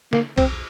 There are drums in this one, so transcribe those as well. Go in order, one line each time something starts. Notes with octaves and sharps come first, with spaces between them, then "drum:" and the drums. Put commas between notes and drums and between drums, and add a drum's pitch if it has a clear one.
A#3, drum: snare
C4, drum: kick, cymbal